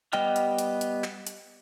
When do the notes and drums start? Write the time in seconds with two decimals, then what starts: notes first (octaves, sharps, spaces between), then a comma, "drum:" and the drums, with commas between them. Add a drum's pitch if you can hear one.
0.13 G3 B3 D#5 G5 F6, drum: clap
0.36 drum: hi-hat
0.58 drum: hi-hat
0.81 drum: hi-hat
1.04 drum: clap
1.27 drum: hi-hat